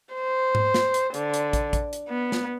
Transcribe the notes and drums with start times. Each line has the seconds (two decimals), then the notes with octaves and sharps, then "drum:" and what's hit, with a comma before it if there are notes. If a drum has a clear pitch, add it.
0.14 C5
0.55 drum: tom G#2
0.74 drum: snare
0.94 drum: hi-hat
1.14 D3, drum: hi-hat
1.34 drum: hi-hat
1.53 drum: kick, hi-hat
1.73 drum: kick, hi-hat
1.93 drum: hi-hat
2.09 B3
2.32 drum: snare